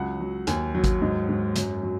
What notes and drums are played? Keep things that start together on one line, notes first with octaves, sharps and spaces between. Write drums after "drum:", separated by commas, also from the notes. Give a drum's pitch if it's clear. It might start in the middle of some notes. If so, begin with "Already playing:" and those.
Already playing: C#2 F#3 F#5
F#3
D#2 G#5, drum: hi-hat
F#3
drum: kick G#1, hi-hat
G#2 D#5
G#2
F#2, drum: hi-hat
F#3